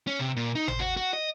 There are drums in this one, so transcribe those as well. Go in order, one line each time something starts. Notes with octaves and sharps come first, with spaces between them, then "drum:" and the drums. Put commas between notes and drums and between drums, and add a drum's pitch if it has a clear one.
C#4
C3
A#2
D#4
C5, drum: tom G#1
F#4
F#4
D#5